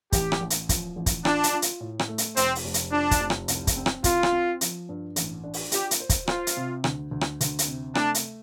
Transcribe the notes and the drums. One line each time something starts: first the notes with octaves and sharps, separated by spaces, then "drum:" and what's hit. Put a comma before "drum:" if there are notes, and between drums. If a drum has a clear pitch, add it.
A1 G4, drum: kick, hi-hat
drum: rim click
A1
drum: hi-hat
F3, drum: kick, hi-hat
A1
drum: kick, hi-hat
D4 F4, drum: rim click
drum: hi-hat
F4
drum: hi-hat
A2
drum: rim click
A3
drum: hi-hat
F1 C4, drum: hi-hat
drum: open hi-hat
F1
drum: hi-hat
F3 D4
drum: kick, hi-hat
F1
drum: rim click
C2, drum: hi-hat
drum: kick, hi-hat
C4
drum: rim click
C2 F4, drum: kick, hi-hat
drum: rim click
C4
F3, drum: hi-hat
G2
A1, drum: hi-hat
D4
drum: open hi-hat
F4 G4, drum: hi-hat
drum: hi-hat
C5
drum: kick, hi-hat
F4 C5, drum: rim click
drum: hi-hat
C3
D2, drum: rim click
D2
drum: rim click
D2, drum: hi-hat
drum: hi-hat
C3
A3 D4, drum: rim click
drum: hi-hat